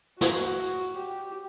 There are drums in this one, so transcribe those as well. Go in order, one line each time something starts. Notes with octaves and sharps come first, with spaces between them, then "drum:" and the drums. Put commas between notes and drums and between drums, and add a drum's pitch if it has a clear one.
F#4, drum: snare
G4